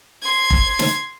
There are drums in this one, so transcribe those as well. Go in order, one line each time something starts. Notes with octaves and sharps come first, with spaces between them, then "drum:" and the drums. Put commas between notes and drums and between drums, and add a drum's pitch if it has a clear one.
C6 G#6
drum: kick F1
drum: snare